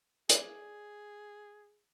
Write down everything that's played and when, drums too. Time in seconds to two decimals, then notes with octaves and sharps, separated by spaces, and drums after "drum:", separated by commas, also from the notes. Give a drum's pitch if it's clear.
0.29 G#4 D5, drum: hi-hat